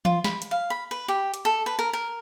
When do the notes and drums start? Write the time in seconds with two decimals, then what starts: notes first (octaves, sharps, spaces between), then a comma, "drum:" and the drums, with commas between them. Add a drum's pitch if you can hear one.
0.05 F4, drum: tom E3
0.24 B5, drum: snare
0.42 drum: hi-hat
0.51 F5
0.70 B5
0.91 B4
1.08 G4
1.34 drum: hi-hat
1.45 A4
1.66 B4
1.79 A#4
1.93 A#4